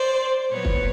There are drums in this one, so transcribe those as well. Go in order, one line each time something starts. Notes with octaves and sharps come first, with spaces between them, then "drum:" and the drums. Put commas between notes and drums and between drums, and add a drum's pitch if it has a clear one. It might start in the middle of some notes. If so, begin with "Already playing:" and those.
Already playing: C5 D5
A#2 F#3 B3 B4 C#5
drum: kick